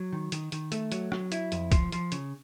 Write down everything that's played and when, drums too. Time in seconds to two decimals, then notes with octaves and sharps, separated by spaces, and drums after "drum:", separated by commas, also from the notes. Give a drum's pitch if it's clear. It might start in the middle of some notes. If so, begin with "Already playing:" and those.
Already playing: F#3
0.13 D#3
0.32 D#3, drum: hi-hat
0.52 D#3, drum: hi-hat
0.72 A3, drum: hi-hat
0.92 F#3, drum: hi-hat
1.12 F#3, drum: rim click
1.32 E4, drum: hi-hat
1.52 F2, drum: hi-hat
1.72 F3, drum: kick, hi-hat
1.92 F3, drum: hi-hat
2.12 C#3, drum: hi-hat